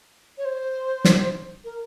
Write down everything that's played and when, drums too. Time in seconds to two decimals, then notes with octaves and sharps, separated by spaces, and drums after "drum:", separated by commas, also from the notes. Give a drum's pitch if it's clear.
0.38 C#5
0.45 C5
1.05 drum: snare
1.64 A#4